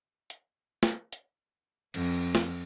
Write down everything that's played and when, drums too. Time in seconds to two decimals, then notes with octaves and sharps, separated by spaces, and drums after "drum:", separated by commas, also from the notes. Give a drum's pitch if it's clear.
0.30 drum: hi-hat
0.83 drum: snare
1.12 drum: hi-hat
1.94 F2, drum: cymbal
2.35 drum: snare